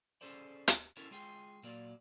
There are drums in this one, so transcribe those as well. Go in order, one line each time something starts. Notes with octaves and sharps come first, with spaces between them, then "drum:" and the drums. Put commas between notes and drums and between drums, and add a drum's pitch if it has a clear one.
C#4 G#4 A4 C5 D5
drum: hi-hat
C4 C#4 E4 A4 A#4 C#5
G#3 F4 G#4 G5
A#2 F#3 A#3 D5